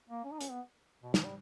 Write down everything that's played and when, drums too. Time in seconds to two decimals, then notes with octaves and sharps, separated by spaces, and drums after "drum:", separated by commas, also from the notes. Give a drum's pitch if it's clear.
0.09 A#3
0.25 C#4
0.32 D#4
0.41 C#4, drum: hi-hat
0.51 B3
1.03 B2
1.14 D#3, drum: snare
1.25 G3